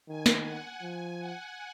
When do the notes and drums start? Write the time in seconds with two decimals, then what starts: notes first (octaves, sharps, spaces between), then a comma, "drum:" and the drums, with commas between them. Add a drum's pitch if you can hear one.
0.08 D#3 G#5
0.26 drum: snare
0.46 F#5
0.82 F3 G#5
1.20 F#5